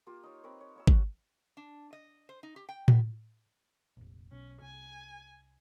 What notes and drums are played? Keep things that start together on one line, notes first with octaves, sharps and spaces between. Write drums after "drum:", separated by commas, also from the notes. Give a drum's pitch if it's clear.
A#3 F4 G4
D#4 C#5
C4 A#4 B4 C#5
C#5
A#3 C#5 E6
F#4, drum: kick G#1
D4
D#5
C5
D#4
G4
G5
B3, drum: tom A2
F1 A#1
B1 C#4
C2 G#5